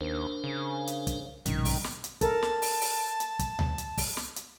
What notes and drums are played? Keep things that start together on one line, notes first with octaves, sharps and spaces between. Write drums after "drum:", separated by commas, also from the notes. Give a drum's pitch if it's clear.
D#2 D4 A#4 C5
C#3
drum: hi-hat
drum: kick, hi-hat
A#1 G2 B2 D#3 C#4, drum: hi-hat
drum: kick, open hi-hat
drum: snare
drum: hi-hat
A4 A#4 A5, drum: kick, hi-hat
drum: snare
drum: open hi-hat
drum: open hi-hat
drum: hi-hat
drum: kick, hi-hat
drum: tom D2
drum: hi-hat
drum: kick, open hi-hat
drum: snare
drum: hi-hat